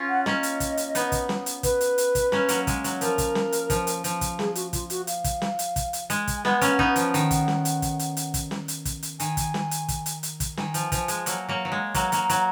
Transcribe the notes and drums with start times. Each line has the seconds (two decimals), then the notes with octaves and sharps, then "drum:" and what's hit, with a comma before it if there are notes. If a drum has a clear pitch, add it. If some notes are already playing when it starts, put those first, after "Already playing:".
Already playing: C#4 F4
0.09 F#5
0.26 A#3 C#4 D#5, drum: snare
0.43 drum: hi-hat
0.60 drum: kick, hi-hat
0.77 drum: hi-hat
0.95 B3 D#4, drum: hi-hat
1.12 drum: kick, hi-hat
1.29 drum: snare
1.46 drum: hi-hat
1.63 B4, drum: kick, hi-hat
1.81 drum: hi-hat
1.98 drum: hi-hat
2.15 drum: kick, hi-hat
2.32 A#3 C#4, drum: snare
2.49 F#3 A#3, drum: hi-hat
2.67 G#3, drum: kick, hi-hat
2.84 F#3, drum: hi-hat
3.01 F3 A#4, drum: hi-hat
3.18 drum: kick, hi-hat
3.35 drum: snare
3.52 drum: hi-hat
3.70 F3, drum: kick, hi-hat
3.87 drum: hi-hat
4.04 F3, drum: hi-hat
4.21 drum: kick, hi-hat
4.39 G#4, drum: snare
4.55 F#4, drum: hi-hat
4.73 F4, drum: kick, hi-hat
4.90 F#4, drum: hi-hat
5.07 F5, drum: hi-hat
5.24 drum: kick, hi-hat
5.42 drum: snare
5.59 drum: hi-hat
5.76 drum: kick, hi-hat
5.93 drum: hi-hat
6.10 G#3, drum: hi-hat
6.27 drum: kick, hi-hat
6.37 G#5
6.45 G#3 B3 F#5, drum: snare
6.61 A#3 C#4, drum: hi-hat
6.79 B3 D#4, drum: kick
6.96 F3, drum: hi-hat
7.14 D#3, drum: hi-hat
7.31 drum: kick, hi-hat
7.48 drum: snare
7.65 drum: hi-hat
7.82 drum: kick, hi-hat
7.99 drum: hi-hat
8.17 drum: hi-hat
8.34 drum: kick, hi-hat
8.51 drum: snare
8.68 drum: hi-hat
8.85 drum: kick, hi-hat
9.03 drum: hi-hat
9.20 D#3 G#5, drum: hi-hat
9.37 drum: kick, hi-hat
9.54 drum: snare
9.71 drum: hi-hat
9.88 drum: kick, hi-hat
10.06 drum: hi-hat
10.23 drum: hi-hat
10.40 drum: kick, hi-hat
10.57 D#3 G#5, drum: snare
10.74 F3, drum: hi-hat
10.92 F3, drum: kick, hi-hat
11.08 G#3, drum: hi-hat
11.26 F#3 A#3, drum: hi-hat
11.48 F#3 A#3
11.65 F#3
11.72 G#3
11.94 F#3 A#3 A#5, drum: kick, hi-hat
12.12 F#3 A#3, drum: hi-hat
12.30 F#3, drum: hi-hat